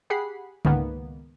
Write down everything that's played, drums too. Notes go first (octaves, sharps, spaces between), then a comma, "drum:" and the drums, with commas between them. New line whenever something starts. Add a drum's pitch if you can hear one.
G4 G#4 F#5 B5 C7
C#2 G#2 D#3 A#3 B3, drum: tom C#3